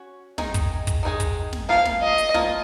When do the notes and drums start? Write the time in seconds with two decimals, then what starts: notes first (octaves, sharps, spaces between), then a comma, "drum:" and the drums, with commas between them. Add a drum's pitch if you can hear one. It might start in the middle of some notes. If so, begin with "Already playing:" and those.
Already playing: C#4 F#4 C#5
0.38 D#3 G#3 D#4 G#4, drum: snare
0.54 drum: kick, hi-hat
0.87 drum: kick, hi-hat
1.03 D#3 G#3 D#4 G#4
1.20 drum: kick, hi-hat
1.53 drum: snare
1.69 F3 A#3 F4 F5
1.85 drum: snare
2.02 D#5
2.18 drum: hi-hat
2.34 F3 A#3 F4, drum: snare